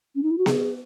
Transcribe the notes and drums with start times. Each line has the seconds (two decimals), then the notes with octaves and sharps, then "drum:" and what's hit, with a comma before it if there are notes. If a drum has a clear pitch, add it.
0.15 C#4
0.23 D#4
0.31 E4
0.38 F#4
0.46 G#4, drum: snare B3